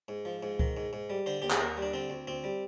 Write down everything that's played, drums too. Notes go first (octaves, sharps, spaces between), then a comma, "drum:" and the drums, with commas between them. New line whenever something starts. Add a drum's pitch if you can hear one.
G#2
F3
G#2
D#3, drum: kick C#2
G#2
G#2
G3
D3 C5
D#2 G4
G#4, drum: clap
D#2 A#4
G3 D4
D3 C4
D2
D2 C4
G3